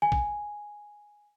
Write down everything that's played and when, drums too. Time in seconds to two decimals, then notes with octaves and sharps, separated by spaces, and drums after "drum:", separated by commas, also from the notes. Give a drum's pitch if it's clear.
0.02 G#5
0.12 drum: kick